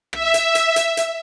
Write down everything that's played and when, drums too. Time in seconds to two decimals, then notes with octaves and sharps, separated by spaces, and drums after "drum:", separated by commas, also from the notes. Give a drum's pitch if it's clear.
0.13 E5, drum: rim click
0.34 drum: hi-hat
0.55 drum: hi-hat
0.76 drum: hi-hat
0.97 drum: hi-hat